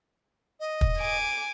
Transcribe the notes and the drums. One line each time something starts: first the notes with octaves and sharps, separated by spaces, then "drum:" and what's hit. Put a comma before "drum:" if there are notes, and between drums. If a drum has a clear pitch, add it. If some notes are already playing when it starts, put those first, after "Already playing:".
D#5
drum: kick
G#5 D6